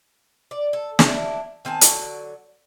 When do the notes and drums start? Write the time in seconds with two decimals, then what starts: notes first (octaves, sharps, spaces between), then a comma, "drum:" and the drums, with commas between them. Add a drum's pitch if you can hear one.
0.51 D5
0.73 A4
0.99 D4 E4, drum: snare
1.65 D#3 C4 G#5 A5
1.81 D3 F#3, drum: hi-hat